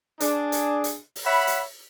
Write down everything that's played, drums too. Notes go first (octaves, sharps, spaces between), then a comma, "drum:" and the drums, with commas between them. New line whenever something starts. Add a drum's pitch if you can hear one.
D4 G#4, drum: hi-hat
drum: hi-hat
drum: hi-hat
drum: open hi-hat
C#5 E5 F#5 B5
drum: hi-hat